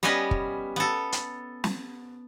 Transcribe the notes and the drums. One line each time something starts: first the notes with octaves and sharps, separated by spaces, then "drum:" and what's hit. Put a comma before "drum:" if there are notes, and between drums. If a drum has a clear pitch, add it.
G3 B3 C#4 B4 D#5 G#5
drum: kick
B3 A4
drum: hi-hat
drum: snare